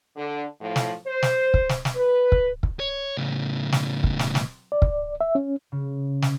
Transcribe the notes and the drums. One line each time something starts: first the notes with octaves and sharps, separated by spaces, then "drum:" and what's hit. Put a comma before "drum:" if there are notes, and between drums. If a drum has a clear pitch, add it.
D3
A2 F3
drum: snare
C5
drum: snare
drum: kick
drum: snare
drum: snare
B4
drum: kick
drum: kick
C#5
A2 C#3
drum: snare
drum: kick
drum: snare
drum: snare
D5
drum: kick
E5
C#4
C#3
drum: snare